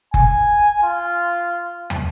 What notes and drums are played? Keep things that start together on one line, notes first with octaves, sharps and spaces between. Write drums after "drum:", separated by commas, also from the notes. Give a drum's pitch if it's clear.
G#5, drum: kick F#1
F4
drum: tom